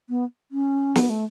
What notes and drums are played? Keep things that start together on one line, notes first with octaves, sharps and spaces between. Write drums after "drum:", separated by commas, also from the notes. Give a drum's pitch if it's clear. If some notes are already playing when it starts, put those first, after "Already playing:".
B3
C#4
B3, drum: snare
A3